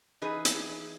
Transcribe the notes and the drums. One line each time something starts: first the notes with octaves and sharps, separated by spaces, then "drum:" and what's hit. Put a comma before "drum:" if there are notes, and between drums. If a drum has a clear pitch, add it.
E3 D#4 G#4 B4
drum: hi-hat